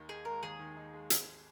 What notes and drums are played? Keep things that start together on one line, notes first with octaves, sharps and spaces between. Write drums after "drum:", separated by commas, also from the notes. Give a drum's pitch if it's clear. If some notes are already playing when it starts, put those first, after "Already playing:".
Already playing: D#2 D#3
D#4 G#4
G#3 A#4
D#2 G#4
D#3
D#4
G#3
G#1, drum: hi-hat